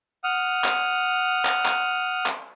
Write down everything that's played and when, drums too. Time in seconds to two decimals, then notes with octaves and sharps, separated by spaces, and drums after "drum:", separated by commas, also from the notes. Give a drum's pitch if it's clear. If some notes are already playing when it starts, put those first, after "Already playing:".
0.24 F#5 D#6 F6
0.64 drum: clap
1.45 drum: clap
1.65 drum: clap
2.26 drum: clap